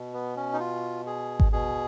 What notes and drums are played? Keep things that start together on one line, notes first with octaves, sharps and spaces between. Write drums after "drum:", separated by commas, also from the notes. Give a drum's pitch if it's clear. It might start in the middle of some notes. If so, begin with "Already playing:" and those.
Already playing: B2
B3
C#4
D#4
F4
G#4
drum: kick G#1
B2 G#4